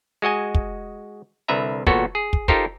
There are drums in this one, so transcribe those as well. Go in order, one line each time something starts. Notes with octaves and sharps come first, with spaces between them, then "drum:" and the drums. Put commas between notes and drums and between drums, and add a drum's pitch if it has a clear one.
G#3 F#4 D#5 G#5
drum: kick
C2 D3 B4 E5 A#5
G#1 A#2 B3 F#4 A4 C#5, drum: kick
G#4
drum: kick
D#4 F4 G4 A4 A#4 C5, drum: kick